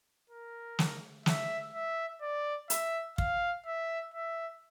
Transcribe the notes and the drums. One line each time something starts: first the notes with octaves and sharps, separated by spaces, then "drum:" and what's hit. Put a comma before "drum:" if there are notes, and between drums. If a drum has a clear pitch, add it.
A#4
drum: snare
E5, drum: snare
E5
D5
E5, drum: hi-hat
F5, drum: kick
E5
E5